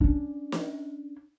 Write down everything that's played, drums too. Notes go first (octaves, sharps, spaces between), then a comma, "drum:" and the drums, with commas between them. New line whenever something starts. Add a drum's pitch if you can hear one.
C#4 D4
drum: snare